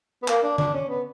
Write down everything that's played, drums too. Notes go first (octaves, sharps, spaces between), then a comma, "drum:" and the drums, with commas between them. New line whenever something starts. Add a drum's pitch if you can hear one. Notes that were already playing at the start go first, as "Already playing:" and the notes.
B3
A#3, drum: clap
D4
D4, drum: tom D3
C#4
B3